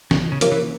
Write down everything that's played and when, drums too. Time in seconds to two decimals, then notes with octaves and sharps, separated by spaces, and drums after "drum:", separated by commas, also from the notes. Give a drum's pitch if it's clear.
0.11 C2 C#3, drum: snare
0.32 C#3
0.41 C3 F3 A#3 C#4, drum: hi-hat
0.52 E3